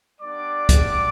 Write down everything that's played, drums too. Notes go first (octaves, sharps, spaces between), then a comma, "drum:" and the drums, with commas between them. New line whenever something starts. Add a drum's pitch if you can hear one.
G3 B3 D4 D5 D6
drum: kick, hi-hat